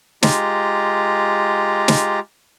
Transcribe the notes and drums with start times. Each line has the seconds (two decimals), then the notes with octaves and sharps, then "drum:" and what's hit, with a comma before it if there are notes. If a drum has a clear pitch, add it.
0.23 G#3 F4 G4 A#5, drum: snare
1.88 drum: snare